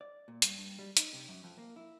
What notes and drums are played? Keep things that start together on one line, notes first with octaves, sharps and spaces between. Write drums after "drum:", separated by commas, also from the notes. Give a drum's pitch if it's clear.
D5
A#2
G2, drum: hi-hat
G2
G3
D#4, drum: hi-hat
C3
F#2
F2
A#3
E4